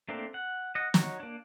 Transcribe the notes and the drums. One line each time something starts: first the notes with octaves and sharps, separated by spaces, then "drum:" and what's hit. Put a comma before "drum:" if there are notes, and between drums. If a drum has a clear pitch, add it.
A3 A#3 C4 D4
F#5
D#5 F#5
D#4 F#4 C#5, drum: snare
A#3 D4